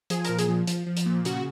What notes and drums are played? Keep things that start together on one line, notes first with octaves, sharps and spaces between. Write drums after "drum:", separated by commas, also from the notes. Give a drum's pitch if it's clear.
F3 G#4, drum: hi-hat
A#2 A#4, drum: hi-hat
G#4, drum: hi-hat
F3
F3, drum: hi-hat
F3
drum: hi-hat
A#2
C#3 F#4, drum: hi-hat